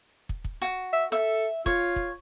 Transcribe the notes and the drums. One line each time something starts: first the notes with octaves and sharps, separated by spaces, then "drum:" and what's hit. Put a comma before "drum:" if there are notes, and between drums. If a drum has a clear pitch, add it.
drum: kick
drum: kick
F#4
E5
A4 E5
F4 C#5, drum: kick
drum: kick